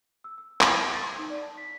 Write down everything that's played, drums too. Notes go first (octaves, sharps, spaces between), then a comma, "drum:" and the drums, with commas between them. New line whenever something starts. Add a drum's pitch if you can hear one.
E6
E6
F6, drum: clap
A5
A6
G#6
D#4
D5
A5
B6